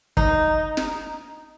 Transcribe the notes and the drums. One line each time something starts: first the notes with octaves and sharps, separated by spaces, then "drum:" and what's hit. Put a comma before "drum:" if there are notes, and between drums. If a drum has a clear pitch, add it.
D#4, drum: kick
drum: snare